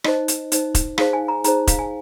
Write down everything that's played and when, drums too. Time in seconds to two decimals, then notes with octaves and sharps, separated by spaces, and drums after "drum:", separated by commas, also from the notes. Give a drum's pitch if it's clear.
0.04 D#4 C5 D#5, drum: rim click
0.28 drum: hi-hat
0.52 D#4 C5, drum: hi-hat
0.75 drum: kick E1, hi-hat
0.98 D#4 G#4 C5 F5, drum: rim click
1.13 G#5
1.28 A#5
1.44 D#4 G#4 C5 A#5, drum: hi-hat
1.67 F5, drum: kick E1, hi-hat
1.79 G#5